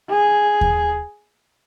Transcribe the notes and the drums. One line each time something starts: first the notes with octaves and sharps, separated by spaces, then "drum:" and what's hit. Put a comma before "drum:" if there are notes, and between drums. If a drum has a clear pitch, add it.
G#4
drum: kick D#2